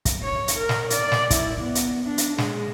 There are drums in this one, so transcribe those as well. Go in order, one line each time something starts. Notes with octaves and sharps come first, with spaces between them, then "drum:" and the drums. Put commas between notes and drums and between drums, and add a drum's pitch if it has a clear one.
drum: kick, hi-hat
C#5
drum: hi-hat
A#4
drum: snare
D5, drum: hi-hat
drum: snare
E4, drum: kick, hi-hat
B3
drum: hi-hat
D4
drum: hi-hat
G#3, drum: snare